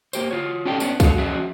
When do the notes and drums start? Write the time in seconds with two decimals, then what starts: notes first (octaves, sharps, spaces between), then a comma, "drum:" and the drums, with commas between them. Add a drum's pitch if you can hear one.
0.13 A#3 G4 C5, drum: tambourine
0.31 F4 F#4 C#5
0.65 C#4 D4 F4 G4 A4 G5
0.80 B3 C#4 D4, drum: tambourine
1.00 G#3 F#4 A4 F5, drum: kick C2, tambourine
1.18 F3 C#4 F#4 G#4 E5